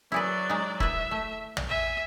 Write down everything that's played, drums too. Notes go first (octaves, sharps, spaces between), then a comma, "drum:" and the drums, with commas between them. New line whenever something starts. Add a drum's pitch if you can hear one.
F#3 E4 G#4 B4 D5
G#3 D#4
E4 B4 E5, drum: kick
A3
drum: tom
E5 G#5